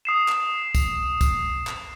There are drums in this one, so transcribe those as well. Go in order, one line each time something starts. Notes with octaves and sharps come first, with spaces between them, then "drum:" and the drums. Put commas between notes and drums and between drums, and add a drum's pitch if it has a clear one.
D#6 C7 E7
drum: clap
drum: kick C2, tambourine
drum: kick C2, tambourine
drum: clap